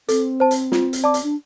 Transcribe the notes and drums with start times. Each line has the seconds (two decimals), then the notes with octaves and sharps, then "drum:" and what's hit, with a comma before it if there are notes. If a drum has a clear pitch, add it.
0.09 C4 A4, drum: hi-hat
0.40 C5 A5
0.51 drum: hi-hat
0.72 F4, drum: snare
0.93 drum: hi-hat
1.04 D5 A5 D6
1.14 drum: hi-hat
1.23 D4